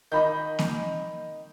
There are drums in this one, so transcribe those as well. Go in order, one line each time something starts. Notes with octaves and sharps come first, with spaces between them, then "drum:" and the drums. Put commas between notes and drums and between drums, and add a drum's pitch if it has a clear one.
D#3 D#5 B5 G6
drum: snare A#3